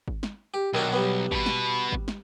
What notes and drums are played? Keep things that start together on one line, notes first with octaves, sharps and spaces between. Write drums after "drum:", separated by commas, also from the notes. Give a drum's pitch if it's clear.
drum: kick G#1
drum: snare
G4
B1 D#3 D4 F#4
G3 B3
B2 B4, drum: kick G#1
drum: snare
drum: kick G#1
drum: snare